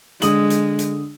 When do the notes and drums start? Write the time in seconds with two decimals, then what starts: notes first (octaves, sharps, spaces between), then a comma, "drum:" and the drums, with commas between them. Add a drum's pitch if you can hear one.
0.22 D3 G#3 D#6 F#7, drum: hi-hat
0.50 drum: hi-hat
0.79 drum: hi-hat